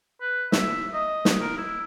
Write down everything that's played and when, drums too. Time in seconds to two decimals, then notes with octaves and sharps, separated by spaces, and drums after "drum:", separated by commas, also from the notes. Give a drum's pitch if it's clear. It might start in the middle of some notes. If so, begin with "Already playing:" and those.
0.21 B4
0.52 E5, drum: snare
0.94 D#5
1.25 drum: snare
1.41 A#4
1.58 E4